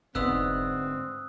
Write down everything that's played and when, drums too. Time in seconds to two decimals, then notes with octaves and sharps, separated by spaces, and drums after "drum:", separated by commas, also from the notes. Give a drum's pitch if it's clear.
0.15 D2 G#2 B3 C4 D#6 E6 F#6, drum: kick F1